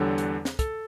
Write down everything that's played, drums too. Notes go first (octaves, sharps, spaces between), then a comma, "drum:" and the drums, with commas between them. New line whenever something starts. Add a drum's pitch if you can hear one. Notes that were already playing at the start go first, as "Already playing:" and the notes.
Already playing: E2 D3 G3 D4 A4 C#5
drum: hi-hat
drum: snare
A4, drum: kick, hi-hat